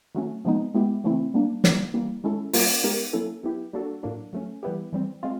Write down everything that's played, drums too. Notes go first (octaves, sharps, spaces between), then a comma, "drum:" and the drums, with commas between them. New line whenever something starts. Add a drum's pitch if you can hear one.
D#3 F#3 A3 C#4
C3 F3 G#3 B3 D#4
G#3 B3 E4 G4
C#3 E3 A3 C4 E4
G3 A#3 D4
D3 G3 A#3, drum: snare
E3 G3 A#3
D#3 G#3 C#4 E4 A4
G3 A#3 C#4 F4 A#4, drum: open hi-hat
G#3 B3 D#4 G4 A#4
F#3 A#3 C#4 E4 A4
F#3 B3 E4 G4
G3 A#3 D4 F#4 A4
A2 F#3 A#3 D4
F#3 A3 C#4
E3 G3 B3 E4 G4
E3 G3 C4
G#3 C4 F4